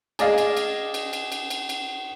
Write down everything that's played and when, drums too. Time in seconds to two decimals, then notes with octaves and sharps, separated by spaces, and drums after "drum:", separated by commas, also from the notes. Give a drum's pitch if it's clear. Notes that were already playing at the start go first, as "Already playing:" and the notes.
0.19 G#4 D5 D#5 F5, drum: cymbal
0.38 drum: cymbal
0.57 drum: cymbal
0.94 drum: cymbal
1.13 drum: cymbal
1.32 drum: cymbal
1.50 drum: cymbal
1.69 drum: cymbal